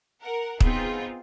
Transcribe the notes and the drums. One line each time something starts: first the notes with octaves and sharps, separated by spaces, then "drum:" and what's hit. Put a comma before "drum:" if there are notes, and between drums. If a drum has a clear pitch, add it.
A#4 F#5
B3 C4 D#4 F4 G#4, drum: kick